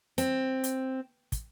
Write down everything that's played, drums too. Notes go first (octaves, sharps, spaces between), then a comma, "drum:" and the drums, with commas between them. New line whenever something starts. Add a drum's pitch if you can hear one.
C4, drum: hi-hat
drum: hi-hat
drum: kick, hi-hat